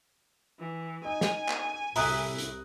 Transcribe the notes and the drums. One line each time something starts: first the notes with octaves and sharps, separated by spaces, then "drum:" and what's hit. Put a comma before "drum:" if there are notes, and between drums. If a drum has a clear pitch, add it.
E3
D#4 G#5
drum: snare
drum: clap
C2 A2 E4 E5 A#5 D#6 F#6, drum: open hi-hat
drum: hi-hat